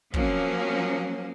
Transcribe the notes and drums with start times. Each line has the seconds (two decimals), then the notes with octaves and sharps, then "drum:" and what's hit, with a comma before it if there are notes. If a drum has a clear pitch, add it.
0.14 F3 F#3 A#3 C4 C#4, drum: kick